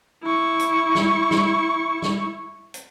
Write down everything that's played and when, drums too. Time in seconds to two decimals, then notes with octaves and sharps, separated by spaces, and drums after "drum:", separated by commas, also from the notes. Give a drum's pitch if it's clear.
0.24 E4 C#6
0.59 drum: hi-hat
0.95 drum: snare
1.31 drum: snare
2.02 drum: snare
2.74 drum: hi-hat